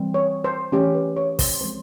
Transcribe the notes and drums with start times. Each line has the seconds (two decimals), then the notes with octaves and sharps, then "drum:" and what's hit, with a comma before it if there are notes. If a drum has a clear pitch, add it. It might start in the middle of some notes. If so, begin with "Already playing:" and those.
Already playing: E3 G3 C4
0.14 C#5
0.44 C5
0.72 E3 A3 C#4 G4
0.94 B4
1.17 C#5
1.39 C5, drum: kick, open hi-hat
1.60 F3 G#3 C4 C5